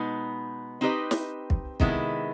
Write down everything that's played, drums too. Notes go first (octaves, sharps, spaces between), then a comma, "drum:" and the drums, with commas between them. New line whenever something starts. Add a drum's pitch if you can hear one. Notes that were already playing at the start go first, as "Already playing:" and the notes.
Already playing: B2 G#3 B3 D#4
C4 D#4 G4 B4 D#5
drum: snare
drum: kick
C3 D#3 G#3 B3 E4, drum: kick